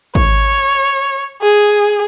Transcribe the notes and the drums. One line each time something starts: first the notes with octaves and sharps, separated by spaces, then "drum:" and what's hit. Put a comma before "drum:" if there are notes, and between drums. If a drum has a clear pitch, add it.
C#5, drum: kick
G#4